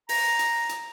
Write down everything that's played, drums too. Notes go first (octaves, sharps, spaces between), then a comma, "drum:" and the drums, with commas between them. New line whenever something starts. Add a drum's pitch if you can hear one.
A#5, drum: open hi-hat
drum: hi-hat
drum: hi-hat